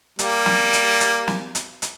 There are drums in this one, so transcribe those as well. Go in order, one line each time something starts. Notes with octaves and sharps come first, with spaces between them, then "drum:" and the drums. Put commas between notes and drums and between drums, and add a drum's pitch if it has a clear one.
G3 A#3, drum: hi-hat
drum: snare
drum: hi-hat
drum: hi-hat
drum: snare
drum: hi-hat
drum: hi-hat